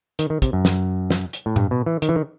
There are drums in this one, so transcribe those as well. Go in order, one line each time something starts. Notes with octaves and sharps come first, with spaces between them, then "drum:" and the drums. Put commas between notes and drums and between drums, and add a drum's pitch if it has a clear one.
D#3, drum: hi-hat
D#3
C3, drum: kick, hi-hat
F#2
drum: snare
drum: snare
drum: hi-hat
A2
G2, drum: tom A2
B2
E3
D#3, drum: hi-hat
E3
D#3